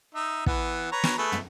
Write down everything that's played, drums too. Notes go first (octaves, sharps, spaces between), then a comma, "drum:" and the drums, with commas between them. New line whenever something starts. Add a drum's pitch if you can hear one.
D#4 E5
E3 B3, drum: kick
B4 C#5 A#5
drum: snare
A3 G#4 B4
drum: tom